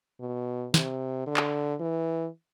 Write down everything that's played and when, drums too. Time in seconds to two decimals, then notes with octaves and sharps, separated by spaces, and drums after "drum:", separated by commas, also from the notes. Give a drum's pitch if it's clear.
0.20 B2
0.74 C3, drum: snare
1.27 D3
1.37 drum: clap
1.80 E3